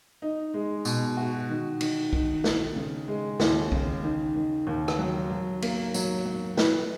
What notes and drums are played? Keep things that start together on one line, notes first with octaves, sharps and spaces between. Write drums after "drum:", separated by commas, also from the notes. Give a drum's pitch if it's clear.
D#4
G#3
B2, drum: tambourine
F#4
D#3
D#3, drum: cymbal
D#3, drum: kick B1
D#3, drum: snare
C#3
G#3
D#2, drum: snare
C#3, drum: kick B1
D#3
D#3
D#2
drum: rim click
F#3
F#3
A#3, drum: cymbal
F#3, drum: tambourine
F#3
B4, drum: snare